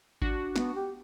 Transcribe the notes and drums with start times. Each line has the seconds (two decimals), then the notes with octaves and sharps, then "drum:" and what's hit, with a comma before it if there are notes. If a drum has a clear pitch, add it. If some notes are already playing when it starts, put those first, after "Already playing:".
0.22 D4 F#4, drum: kick G#1
0.56 B3, drum: snare
0.75 G4